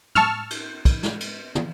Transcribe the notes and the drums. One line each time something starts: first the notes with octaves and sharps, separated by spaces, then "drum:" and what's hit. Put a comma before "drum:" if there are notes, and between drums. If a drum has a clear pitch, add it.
A5 C#6 E6 F6, drum: tom
drum: cymbal
drum: kick, cymbal
drum: snare
drum: cymbal
drum: tom